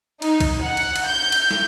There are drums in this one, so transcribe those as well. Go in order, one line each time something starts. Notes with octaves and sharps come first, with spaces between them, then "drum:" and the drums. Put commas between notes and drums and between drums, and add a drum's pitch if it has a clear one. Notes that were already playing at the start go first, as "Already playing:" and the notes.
D#4, drum: cymbal
drum: kick B1, cymbal
F#5
drum: cymbal
drum: cymbal
G6
drum: cymbal
drum: snare